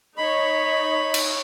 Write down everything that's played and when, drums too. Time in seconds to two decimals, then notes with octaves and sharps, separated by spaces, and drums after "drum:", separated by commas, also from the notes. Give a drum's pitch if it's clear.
0.17 D#4 C#5 D#5 B5
1.14 drum: cymbal